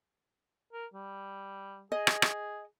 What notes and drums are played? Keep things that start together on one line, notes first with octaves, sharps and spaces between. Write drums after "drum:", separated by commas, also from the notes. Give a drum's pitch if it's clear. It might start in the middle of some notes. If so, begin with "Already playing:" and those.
A#4
G3
G#4 D#5
drum: rim click
drum: rim click